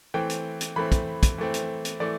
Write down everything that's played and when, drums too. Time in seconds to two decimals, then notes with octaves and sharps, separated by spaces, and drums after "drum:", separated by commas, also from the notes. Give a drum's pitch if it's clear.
0.14 E3 A3 C4 G5
0.30 drum: hi-hat
0.61 drum: hi-hat
0.76 E3 A3 C4 B5
0.92 drum: kick, hi-hat
1.23 drum: kick, hi-hat
1.38 E3 A3 C4
1.54 drum: hi-hat
1.85 drum: hi-hat
2.00 E3 A3 D5